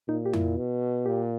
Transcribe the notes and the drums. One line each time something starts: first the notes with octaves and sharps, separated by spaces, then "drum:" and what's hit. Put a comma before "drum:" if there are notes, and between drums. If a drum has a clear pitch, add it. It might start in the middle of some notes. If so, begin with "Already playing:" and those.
A#2 D#4
G4
E4, drum: tom F2
B2
A#2 G4